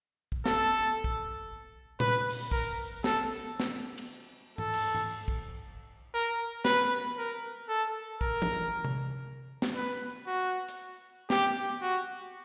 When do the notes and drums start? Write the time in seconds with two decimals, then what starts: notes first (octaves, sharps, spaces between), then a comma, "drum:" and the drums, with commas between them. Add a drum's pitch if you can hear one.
0.32 drum: kick
0.46 A4, drum: snare
1.04 drum: kick
2.00 B4, drum: tom A#2
2.30 drum: open hi-hat
2.51 A#4, drum: kick
3.04 A4, drum: snare
3.60 drum: snare
3.98 drum: cymbal
4.58 A4, drum: tom G#2
4.74 drum: cymbal
4.95 drum: tom G#2
5.28 drum: kick
6.14 A#4
6.65 B4, drum: snare
7.17 A#4
7.69 A4
8.21 A#4, drum: kick
8.42 drum: tom E3
8.84 drum: tom C3
9.62 drum: snare
9.76 B4, drum: hi-hat
10.27 F#4
10.69 drum: hi-hat
11.30 G4, drum: snare
11.82 F#4